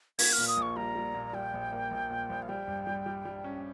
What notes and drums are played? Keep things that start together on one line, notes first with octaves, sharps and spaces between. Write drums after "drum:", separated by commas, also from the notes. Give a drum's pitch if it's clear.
A#3 G#6, drum: open hi-hat
F6
A#2
D#6
A#1
C#6
G3 A#5
G3
A#2
G3 G5
A#1
A#3
A#1
A#2
A#1
F5
G3 G5
G2
G3
G3
G3
C#4